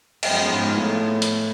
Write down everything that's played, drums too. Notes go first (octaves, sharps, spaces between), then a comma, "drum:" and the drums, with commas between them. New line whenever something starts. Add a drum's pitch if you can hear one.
F#2 F3 G#3 B3 F4, drum: cymbal
G#2
A2
drum: hi-hat